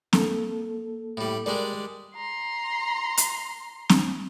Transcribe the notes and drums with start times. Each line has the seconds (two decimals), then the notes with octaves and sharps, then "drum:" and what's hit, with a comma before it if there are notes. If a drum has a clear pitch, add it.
0.13 A#3 A4, drum: snare C4
1.17 A2 G3
1.46 G3 G#3 D4 A#4 D5
2.15 A#5 C6
3.17 drum: hi-hat
3.89 drum: snare C4